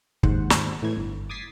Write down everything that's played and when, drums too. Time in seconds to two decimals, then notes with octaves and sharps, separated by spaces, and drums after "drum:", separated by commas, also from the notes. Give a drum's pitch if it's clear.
0.23 D#2 G#2 C5 F#5, drum: kick
0.50 drum: snare
0.82 A2 E3 G#6
0.97 G1
1.29 D6 D#6 G#6 A6 B6 C7